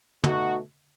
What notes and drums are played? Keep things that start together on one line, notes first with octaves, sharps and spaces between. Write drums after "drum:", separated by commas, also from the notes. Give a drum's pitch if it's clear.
B2 A3 D#4 F#4, drum: tom